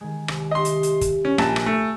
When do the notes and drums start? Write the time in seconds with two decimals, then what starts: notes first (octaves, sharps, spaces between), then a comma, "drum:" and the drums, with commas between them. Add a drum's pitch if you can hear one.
0.01 D#3 G#3
0.28 C2, drum: rim click
0.51 G4 D#5 E5 C6
0.65 drum: hi-hat
0.83 drum: hi-hat
1.01 drum: kick, hi-hat
1.25 C#4
1.38 A#1 G#5 A5, drum: rim click
1.56 drum: rim click
1.66 A3